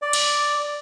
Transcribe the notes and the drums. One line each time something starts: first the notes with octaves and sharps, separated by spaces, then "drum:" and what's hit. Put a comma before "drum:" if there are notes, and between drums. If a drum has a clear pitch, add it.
D5
drum: cymbal